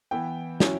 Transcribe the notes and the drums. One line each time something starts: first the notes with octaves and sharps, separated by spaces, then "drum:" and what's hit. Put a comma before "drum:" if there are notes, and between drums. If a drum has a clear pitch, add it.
E3 B3 E4 G5
F#3 C#4 E4, drum: snare